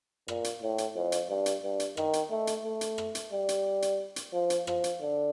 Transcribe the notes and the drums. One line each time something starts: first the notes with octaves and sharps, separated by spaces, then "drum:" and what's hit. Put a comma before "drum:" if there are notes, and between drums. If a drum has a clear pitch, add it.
A#2, drum: rim click
drum: hi-hat
A2
drum: hi-hat
F2
drum: hi-hat
G2
drum: hi-hat
G2
drum: hi-hat
D#3, drum: rim click
drum: hi-hat
A3
drum: hi-hat
A3
drum: hi-hat
drum: rim click
drum: hi-hat
G3
drum: hi-hat
drum: hi-hat
drum: hi-hat
F3
drum: hi-hat
F3, drum: rim click
drum: hi-hat
D3